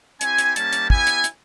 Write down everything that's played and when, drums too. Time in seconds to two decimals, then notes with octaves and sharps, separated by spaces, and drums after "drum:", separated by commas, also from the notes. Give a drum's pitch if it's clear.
0.21 C4 E4 G4 G#5, drum: hi-hat
0.38 drum: hi-hat
0.56 G3 A#3 C#4 E4 G4 A5, drum: hi-hat
0.73 drum: hi-hat
0.90 B3 E4 G4 G#5, drum: kick
1.07 drum: hi-hat
1.24 drum: hi-hat